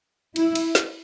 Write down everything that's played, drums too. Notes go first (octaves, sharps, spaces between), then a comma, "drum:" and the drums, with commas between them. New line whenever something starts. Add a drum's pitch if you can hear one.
E4, drum: cymbal
drum: cymbal
drum: snare